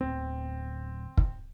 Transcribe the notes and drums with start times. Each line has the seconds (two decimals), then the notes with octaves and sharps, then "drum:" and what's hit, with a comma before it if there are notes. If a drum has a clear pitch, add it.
0.01 D1 D2 B3 C4
1.17 drum: kick